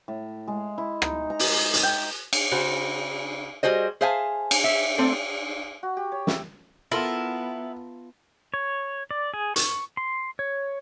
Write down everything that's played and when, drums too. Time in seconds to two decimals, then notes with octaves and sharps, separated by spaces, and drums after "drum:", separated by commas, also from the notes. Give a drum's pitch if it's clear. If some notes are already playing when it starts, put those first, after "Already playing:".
0.08 A2
0.47 G#3
0.78 E4
1.02 D#4, drum: rim click
1.30 A#5
1.39 drum: open hi-hat
1.74 drum: hi-hat
1.83 G5
2.33 drum: cymbal
2.52 C#3 F#4 C5
3.63 G3 F#4 G#4 C5 D#5
4.01 G#4 C5 E5 F5 G#5 A5
4.51 drum: cymbal
4.64 E5
4.98 A3 C4 D4 A4
5.83 F#4
5.97 G4
6.12 C#5
6.27 E5, drum: snare
6.92 B3 E4 F4 A4 A#4 A#5 C6 F6
8.54 C#5
9.11 D5
9.34 G#4
9.56 C#6, drum: hi-hat
9.97 C6
10.39 C#5